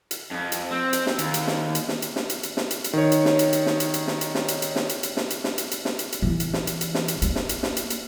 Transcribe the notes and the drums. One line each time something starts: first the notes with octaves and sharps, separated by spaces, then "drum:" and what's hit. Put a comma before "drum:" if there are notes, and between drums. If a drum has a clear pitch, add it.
drum: hi-hat
F2
drum: hi-hat
C4
drum: hi-hat
drum: snare
D#2, drum: hi-hat
drum: hi-hat
drum: snare
drum: hi-hat
drum: snare
drum: hi-hat
drum: snare
drum: hi-hat
drum: hi-hat
drum: snare
drum: hi-hat
drum: hi-hat
D#3 C#5
drum: hi-hat
drum: snare
drum: hi-hat
drum: hi-hat
drum: snare
drum: hi-hat
drum: hi-hat
drum: snare
drum: hi-hat
drum: snare
drum: hi-hat
drum: hi-hat
drum: snare
drum: hi-hat
drum: hi-hat
drum: snare
drum: hi-hat
drum: snare
drum: hi-hat
drum: hi-hat
drum: snare
drum: hi-hat
drum: hi-hat
E3
drum: hi-hat
drum: snare
drum: hi-hat
drum: hi-hat
drum: snare
drum: hi-hat
A#3, drum: hi-hat
drum: snare
drum: hi-hat
drum: snare
drum: hi-hat
drum: hi-hat